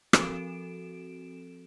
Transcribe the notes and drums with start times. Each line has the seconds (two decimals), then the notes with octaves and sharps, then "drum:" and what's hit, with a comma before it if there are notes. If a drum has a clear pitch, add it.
0.13 F3 C4 F#4 A4 D7 E7, drum: rim click